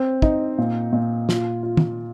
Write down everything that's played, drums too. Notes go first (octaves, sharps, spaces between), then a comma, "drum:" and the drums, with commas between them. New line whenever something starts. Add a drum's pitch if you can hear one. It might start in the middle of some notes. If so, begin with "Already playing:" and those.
Already playing: C4
D#4, drum: kick
A#2
A#2
F4, drum: snare
F4
drum: tom